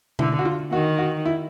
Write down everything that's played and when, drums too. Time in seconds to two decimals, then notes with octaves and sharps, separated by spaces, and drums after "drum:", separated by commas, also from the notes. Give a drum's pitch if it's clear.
0.19 D3 E4, drum: tom B2
0.39 F#4
0.45 F4
0.72 D#3 F#4
0.98 F#4
1.26 E4